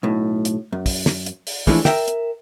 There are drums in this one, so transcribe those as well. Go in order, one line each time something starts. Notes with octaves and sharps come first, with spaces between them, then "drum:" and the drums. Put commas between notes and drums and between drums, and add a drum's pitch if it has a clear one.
B1 A2
drum: hi-hat
F#2
drum: kick, open hi-hat
drum: snare
drum: hi-hat
drum: open hi-hat
E3 F3 G#3 A3 D4 E4, drum: kick, open hi-hat
A#4 E5 G5, drum: snare
drum: hi-hat